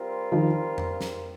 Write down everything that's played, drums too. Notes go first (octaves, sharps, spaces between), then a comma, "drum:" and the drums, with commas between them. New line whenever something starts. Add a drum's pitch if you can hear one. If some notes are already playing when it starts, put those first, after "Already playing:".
Already playing: G3 C4 F4 A#4
D#3 F3
drum: tom F2
drum: snare